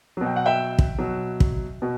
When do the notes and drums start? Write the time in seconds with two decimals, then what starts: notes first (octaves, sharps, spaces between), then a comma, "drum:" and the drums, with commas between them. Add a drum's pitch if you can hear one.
0.17 B2 F#3
0.26 G5
0.36 F#5
0.46 E5 G5
0.79 drum: kick
0.99 B2 F#3
1.40 drum: kick
1.82 B2